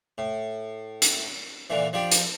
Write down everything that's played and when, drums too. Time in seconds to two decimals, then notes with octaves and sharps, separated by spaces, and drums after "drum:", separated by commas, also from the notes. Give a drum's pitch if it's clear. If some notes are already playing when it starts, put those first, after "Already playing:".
0.18 A2
1.02 drum: hi-hat
1.70 A#2 D3 E3
1.93 F3 D4 G4
2.12 drum: hi-hat